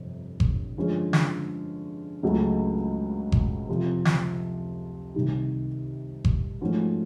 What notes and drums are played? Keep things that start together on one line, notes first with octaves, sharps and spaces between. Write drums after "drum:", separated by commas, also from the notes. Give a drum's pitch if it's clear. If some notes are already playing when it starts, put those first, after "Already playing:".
Already playing: G1 F2 C3
drum: kick G1
G2 D3 F3 G#3 C#4
drum: snare
C#2 C#3 F#3 A3
drum: kick G1
F2 C3 F3
drum: snare
C2 C3 D#3 G3
drum: kick G1
G#2 F3 A3 C#4 F#4